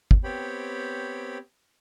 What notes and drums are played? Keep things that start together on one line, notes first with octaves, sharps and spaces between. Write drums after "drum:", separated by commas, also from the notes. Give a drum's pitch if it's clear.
drum: kick
B3 C4 G4 C#5 G5 B5